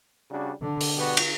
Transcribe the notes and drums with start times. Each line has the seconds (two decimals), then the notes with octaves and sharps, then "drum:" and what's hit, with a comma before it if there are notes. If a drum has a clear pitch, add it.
0.29 C#3 G3 D4 F#4
0.61 D3
0.81 drum: open hi-hat
0.95 B2 G3 B3 F#4
1.17 drum: cymbal